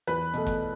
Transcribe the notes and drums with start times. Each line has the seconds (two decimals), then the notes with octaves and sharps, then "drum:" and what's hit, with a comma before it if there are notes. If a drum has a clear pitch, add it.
0.07 E2 B4, drum: hi-hat
0.34 B2 A3, drum: hi-hat
0.47 drum: kick, hi-hat